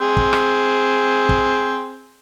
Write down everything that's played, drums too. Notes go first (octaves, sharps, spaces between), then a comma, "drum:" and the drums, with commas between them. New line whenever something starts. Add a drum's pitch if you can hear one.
C4 G#4
drum: kick
drum: rim click
drum: kick